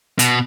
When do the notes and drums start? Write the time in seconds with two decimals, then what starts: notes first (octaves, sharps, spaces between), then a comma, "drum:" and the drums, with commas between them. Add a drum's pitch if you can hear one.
0.19 B2, drum: hi-hat